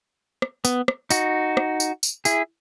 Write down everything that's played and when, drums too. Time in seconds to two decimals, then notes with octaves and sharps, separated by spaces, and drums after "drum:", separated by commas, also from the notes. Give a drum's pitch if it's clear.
0.42 drum: rim click
0.65 B3, drum: tambourine
0.88 drum: rim click
1.10 D#4 F#4, drum: tambourine
1.57 drum: rim click
1.80 drum: tambourine
2.03 drum: tambourine
2.25 E4 G#4, drum: tambourine